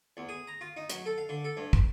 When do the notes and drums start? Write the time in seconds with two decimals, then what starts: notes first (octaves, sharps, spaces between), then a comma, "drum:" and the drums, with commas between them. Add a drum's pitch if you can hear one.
0.17 E2
0.29 G#4
0.47 A#5
0.61 F4
0.77 D#4
0.90 F#3, drum: hi-hat
1.06 A4
1.18 F5
1.29 D3
1.44 A4
1.57 G2
1.73 C6, drum: kick